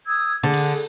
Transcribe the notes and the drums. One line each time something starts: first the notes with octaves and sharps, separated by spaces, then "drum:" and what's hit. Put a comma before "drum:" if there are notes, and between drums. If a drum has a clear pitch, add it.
D#6 E6 G#6
D3 G#4
drum: cymbal